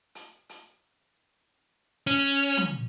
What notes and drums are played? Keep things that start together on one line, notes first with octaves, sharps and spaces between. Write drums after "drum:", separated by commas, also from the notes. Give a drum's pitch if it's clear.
drum: hi-hat
drum: hi-hat
C#4, drum: hi-hat
drum: tom